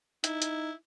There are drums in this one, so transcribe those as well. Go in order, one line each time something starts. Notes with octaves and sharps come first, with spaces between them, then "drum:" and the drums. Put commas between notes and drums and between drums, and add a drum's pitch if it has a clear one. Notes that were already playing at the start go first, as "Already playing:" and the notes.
D#4 E4, drum: hi-hat
drum: hi-hat